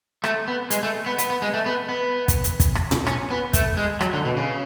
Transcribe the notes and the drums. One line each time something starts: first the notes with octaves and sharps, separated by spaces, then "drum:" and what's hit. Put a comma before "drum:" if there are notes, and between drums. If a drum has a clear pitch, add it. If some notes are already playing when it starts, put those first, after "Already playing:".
A3, drum: rim click
B3
G#3, drum: hi-hat
A3
B3
B3, drum: hi-hat
B3
G#3
A3
B3
B3
drum: kick, hi-hat
drum: hi-hat
drum: kick, hi-hat
drum: rim click
drum: tom A#2
C#4, drum: rim click
B3
A3, drum: kick, hi-hat
G#3
F#3, drum: rim click
D3
B2
C#3